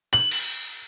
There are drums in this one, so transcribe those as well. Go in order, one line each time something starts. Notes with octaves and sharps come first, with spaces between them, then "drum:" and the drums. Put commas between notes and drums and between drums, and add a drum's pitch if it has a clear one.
F#7, drum: cymbal
drum: cymbal